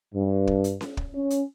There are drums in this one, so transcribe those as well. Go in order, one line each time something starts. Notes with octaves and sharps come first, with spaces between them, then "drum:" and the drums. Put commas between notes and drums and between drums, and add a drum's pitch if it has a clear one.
G2
drum: kick
drum: hi-hat
drum: snare C#4
drum: kick
C#4
drum: hi-hat